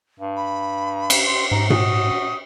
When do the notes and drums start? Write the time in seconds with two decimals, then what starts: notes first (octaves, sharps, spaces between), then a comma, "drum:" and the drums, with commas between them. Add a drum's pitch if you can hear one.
0.20 G2
0.36 B5
1.10 drum: cymbal
1.26 C6
1.51 G#2 A#5
1.70 F#4 D#6, drum: tom A#2